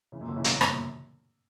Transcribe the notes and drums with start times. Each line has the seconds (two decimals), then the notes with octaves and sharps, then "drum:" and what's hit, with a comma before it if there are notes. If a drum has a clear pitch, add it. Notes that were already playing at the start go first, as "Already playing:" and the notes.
0.12 C#3 E3
0.21 F#2 A#2
0.28 D3 F#3
0.36 C#3 E3
0.44 G2 B2, drum: hi-hat
0.52 F#2 A#2
0.61 G2, drum: rim click
0.69 A#2